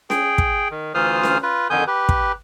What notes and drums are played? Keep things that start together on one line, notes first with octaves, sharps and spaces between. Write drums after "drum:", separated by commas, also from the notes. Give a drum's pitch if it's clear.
G#4 G5, drum: snare C#4
drum: kick
D#3
D2 E3 F4 C5 D#6 F6
drum: snare C#4
F4 B4
F2 D3 D#3 G#5 D#6 G6
G4 B4
drum: kick